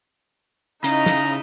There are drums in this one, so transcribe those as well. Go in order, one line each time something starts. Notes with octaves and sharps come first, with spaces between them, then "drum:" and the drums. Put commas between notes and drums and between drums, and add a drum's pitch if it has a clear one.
C#3 D#4 E4 D#5 A#5, drum: hi-hat
drum: snare